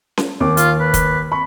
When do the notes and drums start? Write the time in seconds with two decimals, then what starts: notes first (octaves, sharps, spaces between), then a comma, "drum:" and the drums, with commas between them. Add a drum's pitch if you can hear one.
0.17 drum: snare C#4
0.40 D#2 D6
0.57 F4, drum: hi-hat
0.80 B4
0.94 drum: kick, hi-hat
1.32 B5 C#6